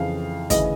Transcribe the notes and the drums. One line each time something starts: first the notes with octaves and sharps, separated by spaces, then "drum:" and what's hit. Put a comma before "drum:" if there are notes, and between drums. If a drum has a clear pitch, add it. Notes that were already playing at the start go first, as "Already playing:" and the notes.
Already playing: F2 C#3 E3 F5
D2 C#3 E3 D#5, drum: kick, hi-hat